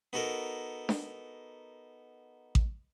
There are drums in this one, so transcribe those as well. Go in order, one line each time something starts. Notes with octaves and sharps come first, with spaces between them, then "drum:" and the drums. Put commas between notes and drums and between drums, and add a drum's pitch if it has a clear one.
B3 D#4 F#4 A4 A#4
drum: snare D4
drum: kick A1